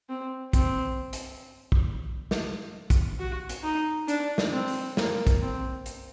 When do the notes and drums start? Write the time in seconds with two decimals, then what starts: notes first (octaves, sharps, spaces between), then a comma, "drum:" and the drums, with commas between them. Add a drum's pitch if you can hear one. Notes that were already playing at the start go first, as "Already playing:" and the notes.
0.09 C4
0.53 C4, drum: kick, hi-hat
1.13 drum: hi-hat
1.72 drum: kick
2.31 drum: snare
2.90 drum: kick, hi-hat
3.20 F#4
3.49 drum: hi-hat
3.63 D#4
4.08 D4, drum: hi-hat
4.38 drum: snare
4.53 C4
4.68 drum: open hi-hat
4.97 A#3, drum: snare
5.27 drum: kick, hi-hat
5.42 C4
5.86 drum: hi-hat